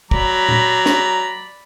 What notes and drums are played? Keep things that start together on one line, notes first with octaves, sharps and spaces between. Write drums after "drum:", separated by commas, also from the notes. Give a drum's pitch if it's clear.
F#3 D5 A#5 B5, drum: kick
drum: tom
drum: snare